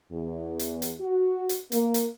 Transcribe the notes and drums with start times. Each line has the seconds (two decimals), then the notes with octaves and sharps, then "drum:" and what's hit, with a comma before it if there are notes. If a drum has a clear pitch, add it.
0.11 E2
0.59 drum: hi-hat
0.82 drum: hi-hat
1.00 F#4
1.49 drum: hi-hat
1.72 A#3, drum: hi-hat
1.94 drum: hi-hat